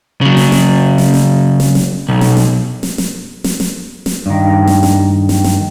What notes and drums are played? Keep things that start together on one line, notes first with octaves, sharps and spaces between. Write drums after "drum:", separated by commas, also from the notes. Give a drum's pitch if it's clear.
C#3 F#3
drum: snare
drum: snare
drum: snare
drum: snare
drum: snare
drum: snare
B1
drum: snare
drum: snare
drum: snare
drum: snare
drum: snare
drum: snare
drum: snare
G2 D#3
drum: snare
drum: snare
drum: snare
drum: snare